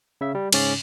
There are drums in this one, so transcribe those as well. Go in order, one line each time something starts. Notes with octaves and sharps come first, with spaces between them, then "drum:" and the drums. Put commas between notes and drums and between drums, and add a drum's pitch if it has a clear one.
C#3 E5
G3
G#2 C#3 C#4 D6 A6, drum: cymbal